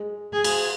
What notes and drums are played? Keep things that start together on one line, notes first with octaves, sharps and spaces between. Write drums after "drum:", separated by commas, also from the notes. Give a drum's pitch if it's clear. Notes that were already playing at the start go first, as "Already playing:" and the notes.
Already playing: G#3
G#4
drum: cymbal